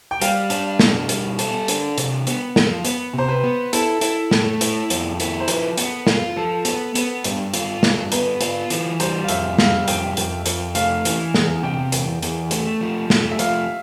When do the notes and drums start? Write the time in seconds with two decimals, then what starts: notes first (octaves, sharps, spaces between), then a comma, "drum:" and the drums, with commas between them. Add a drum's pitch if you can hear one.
0.11 G5
0.22 G3 F5, drum: hi-hat
0.50 D4, drum: hi-hat
0.79 B2, drum: snare
1.09 G3, drum: hi-hat
1.39 A4, drum: hi-hat
1.68 D4, drum: hi-hat
1.98 C3, drum: hi-hat
2.27 B3, drum: hi-hat
2.56 F3, drum: snare
2.85 B3, drum: hi-hat
3.14 C3 C5
3.28 B4
3.43 B3
3.73 E4 A4, drum: hi-hat
4.01 E4, drum: hi-hat
4.31 A3, drum: snare
4.61 E4, drum: hi-hat
4.90 F2, drum: hi-hat
5.20 E4, drum: hi-hat
5.40 C5
5.48 F3 B4, drum: hi-hat
5.78 B3, drum: hi-hat
6.07 F4, drum: snare
6.36 F3 A4
6.65 B3, drum: hi-hat
6.95 B3, drum: hi-hat
7.24 G2, drum: hi-hat
7.54 F4, drum: hi-hat
7.83 G2, drum: snare
8.12 B3 B4, drum: hi-hat
8.41 F4, drum: hi-hat
8.70 E3, drum: hi-hat
9.00 G3 C5, drum: hi-hat
9.24 F5
9.28 F2 E5, drum: hi-hat
9.58 G3 F5, drum: snare
9.88 F2 G5, drum: hi-hat
10.17 F2, drum: hi-hat
10.46 F2, drum: hi-hat
10.75 A3 F5, drum: hi-hat
11.05 E3, drum: hi-hat
11.34 E2, drum: snare
11.63 C3 G5
11.92 E2, drum: hi-hat
12.23 E2, drum: hi-hat
12.51 A3, drum: hi-hat
12.81 F3
13.10 A3, drum: snare
13.32 E5
13.39 F3 F5, drum: hi-hat